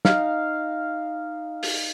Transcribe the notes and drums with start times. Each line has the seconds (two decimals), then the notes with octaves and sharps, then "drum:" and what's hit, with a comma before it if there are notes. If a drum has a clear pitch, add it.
0.05 D#4 F5, drum: snare
1.63 drum: open hi-hat